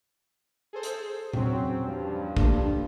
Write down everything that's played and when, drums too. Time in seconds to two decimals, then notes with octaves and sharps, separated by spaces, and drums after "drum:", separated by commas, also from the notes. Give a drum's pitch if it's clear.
0.73 G#4 A4 C5
0.83 drum: hi-hat
1.33 E2 F#3 C4 C#4, drum: tom A#2
1.86 G2 F3 G3
2.37 A3 A#3 D4, drum: kick